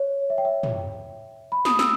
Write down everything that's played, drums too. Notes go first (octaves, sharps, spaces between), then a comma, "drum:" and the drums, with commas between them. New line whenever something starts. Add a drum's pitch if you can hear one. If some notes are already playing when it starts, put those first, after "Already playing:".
Already playing: C#5
E5
G5
E5
drum: tom
B5
D#6, drum: snare
E6, drum: snare